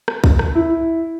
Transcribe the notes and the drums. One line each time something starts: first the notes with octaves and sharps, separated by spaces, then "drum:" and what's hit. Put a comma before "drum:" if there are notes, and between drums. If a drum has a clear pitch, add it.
drum: rim click
drum: kick
drum: rim click
E4